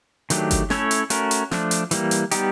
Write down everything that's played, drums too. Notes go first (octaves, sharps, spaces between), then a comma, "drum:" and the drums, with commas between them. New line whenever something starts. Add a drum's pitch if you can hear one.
D#3 F#3 A3 D4 G4, drum: hi-hat
drum: kick G1, hi-hat
A3 C#4 E4 A4 C#5, drum: snare
drum: hi-hat
A3 C#4 F#4 A#4, drum: hi-hat
drum: hi-hat
F3 A3 D4, drum: snare
drum: hi-hat
E3 G3 A#3, drum: hi-hat
drum: hi-hat
G3 B3 D#4 G4, drum: hi-hat